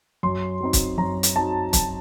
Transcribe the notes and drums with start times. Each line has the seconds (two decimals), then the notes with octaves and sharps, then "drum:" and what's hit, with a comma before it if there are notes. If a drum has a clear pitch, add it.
0.23 F#2 C6
0.61 F#3 C4 D#4
0.73 drum: kick, hi-hat
0.98 F#2 A#5
1.23 drum: hi-hat
1.35 F#3 C4 D#4 A5
1.73 F#2, drum: kick, hi-hat